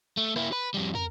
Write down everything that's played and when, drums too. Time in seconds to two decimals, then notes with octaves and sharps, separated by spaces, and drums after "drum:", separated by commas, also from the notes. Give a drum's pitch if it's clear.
0.17 A3
0.36 A#3 E4, drum: rim click
0.52 B4 B5
0.74 F2 G3
0.95 A#4, drum: tom